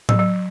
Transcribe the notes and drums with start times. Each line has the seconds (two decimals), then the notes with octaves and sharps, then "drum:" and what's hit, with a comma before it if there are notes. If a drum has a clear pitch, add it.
0.09 F#3, drum: tom A2
0.19 F#3